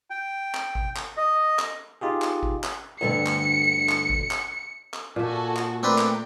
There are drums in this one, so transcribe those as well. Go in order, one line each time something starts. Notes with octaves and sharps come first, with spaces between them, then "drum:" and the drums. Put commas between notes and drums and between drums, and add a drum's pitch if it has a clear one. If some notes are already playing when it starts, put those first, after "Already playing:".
G5
drum: clap
drum: kick G#1
drum: clap
D#5
drum: clap
D#4 F4 G4 G#4
drum: clap
drum: kick G#1
drum: clap
D2 G2 D3 C#7
drum: clap
drum: clap
drum: kick G#1
drum: clap
drum: clap
A#2 F#4 A4 E5 G#5
drum: clap
A3 C4 D4 A#4 B4 G5
drum: clap